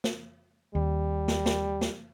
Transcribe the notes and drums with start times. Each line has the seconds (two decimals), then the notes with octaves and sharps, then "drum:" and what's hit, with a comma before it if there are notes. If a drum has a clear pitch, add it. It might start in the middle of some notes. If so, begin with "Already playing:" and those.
0.04 drum: snare
0.75 D#2 G3
1.28 drum: snare
1.46 drum: snare
1.81 drum: snare